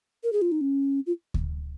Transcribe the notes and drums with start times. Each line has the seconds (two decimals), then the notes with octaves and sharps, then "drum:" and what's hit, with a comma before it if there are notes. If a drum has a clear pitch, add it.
0.24 A#4
0.33 G#4
0.42 F4
0.52 D#4
0.61 C#4
1.07 F4
1.34 drum: kick D2